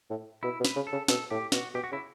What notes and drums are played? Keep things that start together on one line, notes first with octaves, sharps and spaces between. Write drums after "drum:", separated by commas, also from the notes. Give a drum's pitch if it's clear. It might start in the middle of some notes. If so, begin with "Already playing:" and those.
A2
B2 E4
B2
B4, drum: snare
C#3
A4
C#3
B2 A4, drum: snare
A2 G4
B2 F#4, drum: snare
B2 G4
F#4
C#3 E4